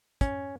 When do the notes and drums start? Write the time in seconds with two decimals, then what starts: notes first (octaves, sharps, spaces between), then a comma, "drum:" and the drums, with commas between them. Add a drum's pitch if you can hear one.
0.21 C#4, drum: kick, hi-hat